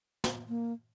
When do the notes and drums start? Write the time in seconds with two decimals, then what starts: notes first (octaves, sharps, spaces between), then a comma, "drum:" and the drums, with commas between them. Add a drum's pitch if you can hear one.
0.24 drum: snare
0.49 A#3